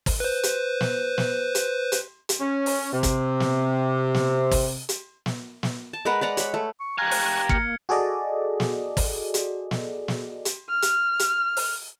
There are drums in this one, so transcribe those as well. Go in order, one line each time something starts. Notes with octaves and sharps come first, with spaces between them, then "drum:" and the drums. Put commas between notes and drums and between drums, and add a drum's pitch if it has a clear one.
drum: kick, open hi-hat
B4 C5
drum: hi-hat
drum: snare
drum: snare
drum: hi-hat
drum: hi-hat
drum: hi-hat
C#4
drum: open hi-hat
C3
drum: kick, hi-hat
drum: snare
drum: snare
drum: kick, open hi-hat
drum: hi-hat
drum: snare
drum: snare
A5
G#3 A#4 B4 F#5
B4 D5 F#5 A#5
C#5 B5, drum: hi-hat
A3
C#6
G4 F5 G#5 A#5 C#6 F#6 G#6
drum: open hi-hat
A#3 F6 C#7, drum: kick
F#4 G#4 A4 D5 D#5
drum: snare
drum: kick, open hi-hat
drum: hi-hat
drum: snare
drum: snare
drum: hi-hat
F6
drum: hi-hat
drum: hi-hat
drum: open hi-hat